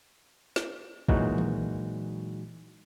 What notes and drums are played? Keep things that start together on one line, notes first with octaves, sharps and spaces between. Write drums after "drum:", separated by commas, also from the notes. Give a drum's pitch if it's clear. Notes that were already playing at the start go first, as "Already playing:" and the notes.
drum: snare
A#2 E3 F#3 G#3 D#4 F#4, drum: kick
drum: tom D#3